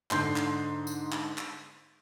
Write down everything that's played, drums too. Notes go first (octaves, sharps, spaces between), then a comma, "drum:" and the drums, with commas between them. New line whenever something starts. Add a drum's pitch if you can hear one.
G#2 D3 C6 G6 C7, drum: clap
drum: clap
drum: tambourine
drum: clap
drum: clap